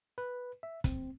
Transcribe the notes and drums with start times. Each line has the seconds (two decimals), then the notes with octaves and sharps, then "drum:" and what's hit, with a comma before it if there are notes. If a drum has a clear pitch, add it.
0.18 B4
0.63 E5
0.84 C4, drum: kick, hi-hat